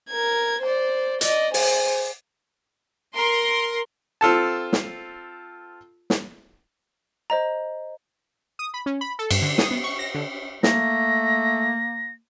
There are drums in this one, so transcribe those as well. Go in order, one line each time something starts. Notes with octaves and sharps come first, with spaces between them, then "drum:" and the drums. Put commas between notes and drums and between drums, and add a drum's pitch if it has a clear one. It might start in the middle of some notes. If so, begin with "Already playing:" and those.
A#4 G#6
C5 D5
D5 D#5, drum: hi-hat
G#4 C5, drum: open hi-hat
A#4 C6
C4 F4 A4 A5
drum: snare
drum: snare
C5 D#5 A#5
D#6
B5
C#4
B5
A4
G2, drum: cymbal
D3
D#6, drum: snare
B3
C#6
A#6
D3
A3 A#3 A#6, drum: snare